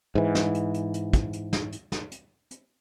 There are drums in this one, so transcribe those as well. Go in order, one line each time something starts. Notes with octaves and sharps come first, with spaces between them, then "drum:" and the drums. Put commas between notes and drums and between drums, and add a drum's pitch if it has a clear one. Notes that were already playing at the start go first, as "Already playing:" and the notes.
G#2 E3
drum: snare
drum: hi-hat
drum: hi-hat
drum: hi-hat
drum: kick, hi-hat
drum: hi-hat
drum: snare
drum: hi-hat
drum: snare
drum: hi-hat
drum: hi-hat